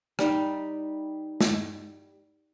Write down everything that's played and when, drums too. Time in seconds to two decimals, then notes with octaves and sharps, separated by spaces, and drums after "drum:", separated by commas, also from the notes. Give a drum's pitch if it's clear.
0.19 G3 D#4, drum: rim click
1.41 drum: snare